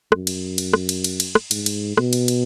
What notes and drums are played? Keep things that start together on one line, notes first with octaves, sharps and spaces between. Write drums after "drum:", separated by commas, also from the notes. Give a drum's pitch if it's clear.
F#2, drum: rim click
drum: cymbal
drum: cymbal
drum: rim click
drum: cymbal
drum: cymbal
drum: cymbal
drum: rim click
G#2, drum: cymbal
drum: cymbal
B2, drum: rim click
drum: cymbal
drum: cymbal